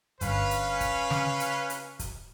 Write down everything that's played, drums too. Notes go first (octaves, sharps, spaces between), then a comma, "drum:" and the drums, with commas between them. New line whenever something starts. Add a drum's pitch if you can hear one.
G1 G2 C#4 B4 F5, drum: hi-hat
drum: hi-hat
drum: kick, hi-hat
C#3, drum: snare
drum: hi-hat
drum: hi-hat
drum: kick, hi-hat